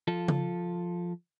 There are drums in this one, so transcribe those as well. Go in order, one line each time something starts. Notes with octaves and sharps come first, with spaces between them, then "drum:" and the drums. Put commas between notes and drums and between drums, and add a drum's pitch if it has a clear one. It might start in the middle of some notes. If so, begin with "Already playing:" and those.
F3 F4 A4
drum: tom C#3